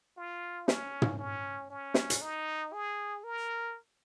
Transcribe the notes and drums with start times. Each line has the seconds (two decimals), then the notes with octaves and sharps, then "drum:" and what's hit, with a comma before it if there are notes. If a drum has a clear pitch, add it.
0.17 F4
0.68 C#4, drum: snare
1.02 drum: tom
1.19 C#4
1.70 C#4
1.94 drum: snare
2.10 drum: hi-hat
2.22 D#4
2.73 G#4
3.24 A#4